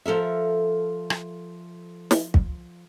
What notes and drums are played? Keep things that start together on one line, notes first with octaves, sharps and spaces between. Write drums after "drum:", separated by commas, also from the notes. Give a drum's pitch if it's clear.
F3 A4 A#4 E5
drum: rim click
drum: snare
drum: kick